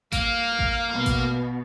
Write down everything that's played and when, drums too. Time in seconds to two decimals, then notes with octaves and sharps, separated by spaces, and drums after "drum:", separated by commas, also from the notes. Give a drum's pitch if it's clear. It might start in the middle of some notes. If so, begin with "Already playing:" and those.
0.12 A#3 F5, drum: kick A1, hi-hat
0.59 drum: kick A1
0.92 B2
1.06 drum: kick A1, hi-hat